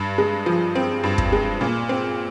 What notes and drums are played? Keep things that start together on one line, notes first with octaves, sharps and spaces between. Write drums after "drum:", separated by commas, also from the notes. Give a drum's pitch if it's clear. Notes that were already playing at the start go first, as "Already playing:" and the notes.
Already playing: G2
G#3
F3
C4
G2
drum: kick
G#3
A#2
C4